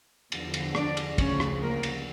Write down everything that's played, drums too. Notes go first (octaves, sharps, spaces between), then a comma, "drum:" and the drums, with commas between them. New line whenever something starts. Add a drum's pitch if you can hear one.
E2 D3 F3, drum: cymbal
drum: cymbal
D4 D5, drum: rim click
drum: cymbal
D2 C#3 F3 C#4 C#5, drum: kick, cymbal
drum: rim click
A#3 A#4
drum: cymbal